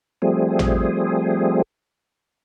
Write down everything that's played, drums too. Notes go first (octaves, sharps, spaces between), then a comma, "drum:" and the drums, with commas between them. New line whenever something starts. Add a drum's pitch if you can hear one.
F3 G3 A3 C4 G#4
drum: tom A1